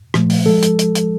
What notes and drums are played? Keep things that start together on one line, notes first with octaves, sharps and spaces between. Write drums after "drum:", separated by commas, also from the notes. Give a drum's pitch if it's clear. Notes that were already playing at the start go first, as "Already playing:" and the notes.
A#2 F3 A3, drum: rim click
drum: open hi-hat
F3 G#3 A4
drum: hi-hat
drum: hi-hat
drum: hi-hat